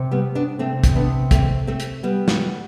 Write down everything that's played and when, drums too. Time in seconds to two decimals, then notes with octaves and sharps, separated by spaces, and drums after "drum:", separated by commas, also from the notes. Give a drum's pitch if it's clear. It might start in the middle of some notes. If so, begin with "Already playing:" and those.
Already playing: C3
0.11 G3 B3
0.35 B3 D4
0.59 C3 A3 C4
0.84 drum: kick, hi-hat
0.96 B3 D4
1.31 A3 C4, drum: kick, hi-hat
1.67 A3 C4
1.80 drum: hi-hat
2.03 G3 B3
2.28 drum: snare